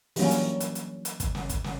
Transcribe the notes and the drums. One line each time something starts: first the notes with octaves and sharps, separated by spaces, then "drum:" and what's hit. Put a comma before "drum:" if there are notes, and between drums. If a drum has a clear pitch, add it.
E3 F#3 G3 A#3 C#4, drum: open hi-hat
drum: hi-hat
drum: hi-hat
drum: hi-hat
drum: hi-hat
drum: kick, hi-hat
drum: snare
drum: kick, hi-hat
drum: snare